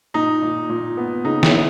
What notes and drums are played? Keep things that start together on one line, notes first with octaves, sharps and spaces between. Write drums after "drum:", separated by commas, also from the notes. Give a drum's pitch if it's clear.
A#2 D#4
A#2
A#2
B3
C#3 D#4
E4, drum: snare
B3